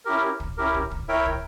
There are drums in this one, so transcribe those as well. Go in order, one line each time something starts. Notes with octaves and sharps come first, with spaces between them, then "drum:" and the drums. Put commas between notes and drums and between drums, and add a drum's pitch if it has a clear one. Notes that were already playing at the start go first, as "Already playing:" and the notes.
C#4 E4 G4 A#4
drum: kick
C#4 E4 G4 A#4
drum: kick
drum: kick
E4 A#4 C#5 E5 G5
drum: kick